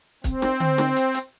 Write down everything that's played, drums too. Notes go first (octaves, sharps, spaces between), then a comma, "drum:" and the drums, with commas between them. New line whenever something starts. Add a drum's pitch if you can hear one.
C4, drum: kick, hi-hat
drum: snare
drum: tom D3
drum: snare
drum: hi-hat
drum: hi-hat